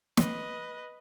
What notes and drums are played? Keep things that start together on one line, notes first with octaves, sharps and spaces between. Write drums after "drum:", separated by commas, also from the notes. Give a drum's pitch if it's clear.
B4 D#5, drum: snare